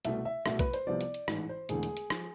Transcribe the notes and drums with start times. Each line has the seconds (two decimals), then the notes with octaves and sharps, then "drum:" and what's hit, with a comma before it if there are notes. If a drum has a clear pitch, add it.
0.05 C2 B2 A3 E5, drum: hi-hat
0.25 E5
0.46 C2 B2 A3 E5, drum: rim click
0.59 B4, drum: kick B1, hi-hat
0.74 C5, drum: hi-hat
0.87 C2 C3 F3 B3 D5
1.01 drum: hi-hat
1.14 drum: hi-hat
1.28 A1 G#2 E3, drum: rim click
1.49 C5
1.69 E1 E2 D3 A3 G#4, drum: hi-hat
1.83 drum: hi-hat
1.97 drum: hi-hat
2.10 F3, drum: rim click